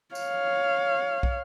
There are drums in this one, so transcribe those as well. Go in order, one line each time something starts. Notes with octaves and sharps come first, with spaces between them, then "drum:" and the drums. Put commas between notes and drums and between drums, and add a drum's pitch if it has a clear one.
C#5 F5, drum: tambourine
drum: kick